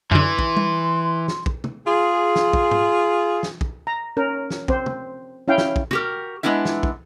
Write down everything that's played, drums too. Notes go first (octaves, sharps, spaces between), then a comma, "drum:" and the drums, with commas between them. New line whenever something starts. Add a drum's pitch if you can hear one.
F#2 D3 E3 C6
drum: kick
drum: tom
drum: snare
drum: kick
drum: tom
F4 G#4
drum: snare
drum: kick
drum: tom
drum: snare
drum: kick
A#5
C#4 A#4
drum: snare
C4 C5, drum: kick
drum: tom
C#4 E4 F5 G5
drum: snare
drum: kick
F#4 G4 A#4, drum: tom
G#3 B3 D4 E4 E5
drum: snare
drum: kick